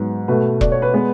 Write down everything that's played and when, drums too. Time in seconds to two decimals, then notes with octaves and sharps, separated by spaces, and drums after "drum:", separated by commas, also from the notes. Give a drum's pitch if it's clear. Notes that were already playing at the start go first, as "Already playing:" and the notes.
Already playing: G#2 F#3 B3
0.28 B2 A3 B4
0.61 D5, drum: kick E1
0.72 C#5
0.82 B4
0.94 G#3 B3